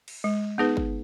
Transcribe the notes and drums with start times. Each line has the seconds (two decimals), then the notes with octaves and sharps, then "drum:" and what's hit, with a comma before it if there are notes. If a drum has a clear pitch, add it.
0.08 drum: cymbal
0.24 G#3
0.58 B3 D#4 G#4 B4
0.77 drum: kick G1